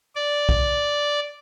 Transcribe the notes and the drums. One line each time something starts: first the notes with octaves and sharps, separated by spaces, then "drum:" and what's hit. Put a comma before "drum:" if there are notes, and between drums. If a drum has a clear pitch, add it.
D5
drum: kick